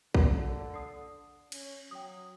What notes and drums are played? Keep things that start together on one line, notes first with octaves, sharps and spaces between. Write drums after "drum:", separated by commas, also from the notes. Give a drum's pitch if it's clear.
D3, drum: kick A#1
D#6 C7
C#4, drum: cymbal
F#3 G5 D#6